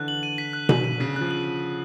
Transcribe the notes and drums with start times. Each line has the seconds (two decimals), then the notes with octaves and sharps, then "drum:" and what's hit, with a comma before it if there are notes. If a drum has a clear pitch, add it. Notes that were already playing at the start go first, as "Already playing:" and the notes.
Already playing: D3 E3 F#6
0.08 F#7
0.23 D#7
0.38 B6
0.53 F#6
0.69 F#7, drum: tom B2
0.84 D#7
1.00 C#3 B6
1.16 F3 F#6
1.31 F#7